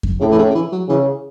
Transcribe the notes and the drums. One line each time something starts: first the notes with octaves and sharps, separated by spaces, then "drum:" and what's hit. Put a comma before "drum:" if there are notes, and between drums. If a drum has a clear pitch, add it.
drum: kick F2
A2 C#3
E3
C#3
C#3
E3
F#3
C#3 E3